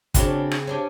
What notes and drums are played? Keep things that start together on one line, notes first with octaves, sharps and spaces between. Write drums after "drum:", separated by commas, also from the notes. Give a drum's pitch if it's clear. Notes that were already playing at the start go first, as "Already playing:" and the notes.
C#3 C4 D4 F#4 C#5, drum: kick, hi-hat
drum: rim click
C#4 D4 G4